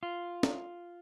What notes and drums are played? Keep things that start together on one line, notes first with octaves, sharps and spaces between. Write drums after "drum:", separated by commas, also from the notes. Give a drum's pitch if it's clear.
F4
drum: snare